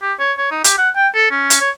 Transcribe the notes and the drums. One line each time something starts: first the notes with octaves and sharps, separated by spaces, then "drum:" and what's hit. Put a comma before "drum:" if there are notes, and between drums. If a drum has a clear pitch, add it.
G4
C#5
C#5
D#4
G4, drum: hi-hat
F#5
G5
A4
C#4
drum: hi-hat
C#5